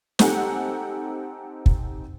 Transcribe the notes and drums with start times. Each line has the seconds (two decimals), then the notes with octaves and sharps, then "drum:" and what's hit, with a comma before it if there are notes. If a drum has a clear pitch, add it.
0.19 C4 D#4 G4 A4 F#5 G#5, drum: snare
1.66 drum: kick